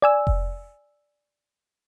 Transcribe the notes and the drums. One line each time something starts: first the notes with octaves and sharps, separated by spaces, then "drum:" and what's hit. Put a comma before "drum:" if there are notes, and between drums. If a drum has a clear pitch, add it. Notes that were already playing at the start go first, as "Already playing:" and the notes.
D5 G#5 E6
drum: kick F1